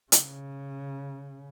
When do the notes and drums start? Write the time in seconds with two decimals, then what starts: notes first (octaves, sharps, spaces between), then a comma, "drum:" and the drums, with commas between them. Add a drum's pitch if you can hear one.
0.12 C#3, drum: hi-hat